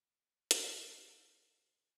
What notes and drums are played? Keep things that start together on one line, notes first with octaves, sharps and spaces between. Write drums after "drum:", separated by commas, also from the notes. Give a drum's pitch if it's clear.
G#3 C#4 F6 A6
drum: hi-hat
A#3 G4
G#5 A5 E6